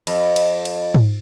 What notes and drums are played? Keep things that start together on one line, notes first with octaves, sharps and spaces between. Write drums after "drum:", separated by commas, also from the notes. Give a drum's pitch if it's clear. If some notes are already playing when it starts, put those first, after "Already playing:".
F2, drum: cymbal
drum: cymbal
drum: cymbal
drum: tom G#2